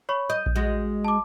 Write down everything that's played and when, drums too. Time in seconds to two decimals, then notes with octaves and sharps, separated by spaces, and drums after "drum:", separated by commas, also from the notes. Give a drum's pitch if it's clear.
0.09 C#5 B5 C#6
0.30 D#5 G6
0.46 drum: kick A#1
0.56 G#3 F#4
1.05 A5 D6